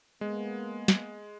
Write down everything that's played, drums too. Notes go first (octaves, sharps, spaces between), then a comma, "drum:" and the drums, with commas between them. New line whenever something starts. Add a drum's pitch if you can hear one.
G#3 A#3 B3
drum: snare